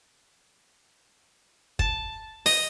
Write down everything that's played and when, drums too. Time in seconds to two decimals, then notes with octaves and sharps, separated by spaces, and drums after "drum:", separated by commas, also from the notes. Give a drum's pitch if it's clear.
1.79 A5, drum: kick
2.46 D#5, drum: open hi-hat